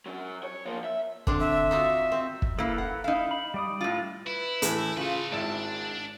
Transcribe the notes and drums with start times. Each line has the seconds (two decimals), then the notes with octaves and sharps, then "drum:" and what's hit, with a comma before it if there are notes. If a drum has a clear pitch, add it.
0.06 F#3 C#4
0.44 C#5
0.65 F3 A#3
0.84 E5
1.27 D3 C4 D4, drum: kick
1.40 E5
1.71 D#4 F4 F#4
2.12 C4
2.42 drum: kick
2.59 A#3 E4 A4 B4 F5
2.78 F#5
3.04 D#4 E4 F5
3.31 B5
3.54 G3 D5 D#6
3.81 A2 F4
4.27 E4 B4
4.62 A2 E3, drum: hi-hat
4.97 C#3 F4 A4 B4
5.32 G#1 G#2 D4 E4